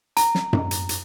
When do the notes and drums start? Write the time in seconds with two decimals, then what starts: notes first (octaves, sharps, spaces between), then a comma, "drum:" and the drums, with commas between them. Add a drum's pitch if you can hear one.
0.17 A#5, drum: hi-hat
0.35 drum: snare
0.53 drum: tom F#2
0.71 drum: hi-hat
0.89 drum: hi-hat